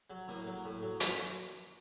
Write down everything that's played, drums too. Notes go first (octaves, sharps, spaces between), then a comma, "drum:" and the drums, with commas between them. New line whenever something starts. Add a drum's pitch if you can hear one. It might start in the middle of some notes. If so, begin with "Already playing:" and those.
F#3
A2 A#3
F#3
A2
F#3
F#2, drum: hi-hat